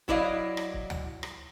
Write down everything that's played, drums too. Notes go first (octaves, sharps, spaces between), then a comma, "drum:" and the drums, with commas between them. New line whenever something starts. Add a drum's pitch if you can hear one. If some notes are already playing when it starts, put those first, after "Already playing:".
F#3 E4 D5 D#5 F5, drum: kick
drum: rim click
drum: kick
drum: tom D2
drum: rim click